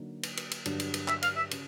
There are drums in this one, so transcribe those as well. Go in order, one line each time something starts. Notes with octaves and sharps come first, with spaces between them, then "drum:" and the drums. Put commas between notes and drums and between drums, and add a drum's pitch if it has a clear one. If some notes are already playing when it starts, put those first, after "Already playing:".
Already playing: D3 F#3 A#3 D#4
drum: cymbal
drum: cymbal
drum: cymbal
G2 D3 F#3, drum: cymbal
drum: cymbal
drum: cymbal
E5, drum: clap
F5, drum: cymbal
E5
C#3, drum: cymbal